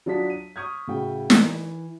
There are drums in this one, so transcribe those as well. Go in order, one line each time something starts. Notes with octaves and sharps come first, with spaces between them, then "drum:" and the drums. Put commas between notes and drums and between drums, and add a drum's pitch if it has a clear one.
F#3 D4 F4 A5 D#6 B6
D#7
C#6 D#6 F6 G6 G#6
A2 C#3 F#4 G5
E3, drum: snare